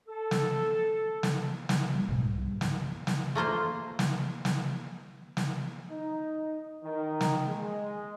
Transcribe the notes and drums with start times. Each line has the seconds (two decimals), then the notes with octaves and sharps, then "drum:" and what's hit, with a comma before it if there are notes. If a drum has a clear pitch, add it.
0.08 A4
0.31 drum: snare
1.23 drum: snare
1.69 drum: snare
1.95 G3
2.09 G#2 B2 G#3
2.25 C2
2.38 G2
2.61 drum: snare
3.07 drum: snare
3.35 A3 A#3 F4 C5
3.99 drum: snare
4.45 drum: snare
5.37 drum: snare
5.89 D#4
6.83 D#3
7.21 drum: snare
7.47 G#3